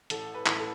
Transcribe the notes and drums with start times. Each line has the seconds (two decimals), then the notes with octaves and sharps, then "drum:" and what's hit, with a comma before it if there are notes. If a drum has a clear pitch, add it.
0.10 A1 A4, drum: hi-hat
0.34 B4
0.46 A2 E3, drum: clap
0.59 A4